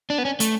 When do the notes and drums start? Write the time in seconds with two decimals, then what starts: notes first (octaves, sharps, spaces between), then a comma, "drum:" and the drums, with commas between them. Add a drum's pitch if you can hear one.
0.10 D4
0.18 B3
0.25 C#4
0.40 A3, drum: hi-hat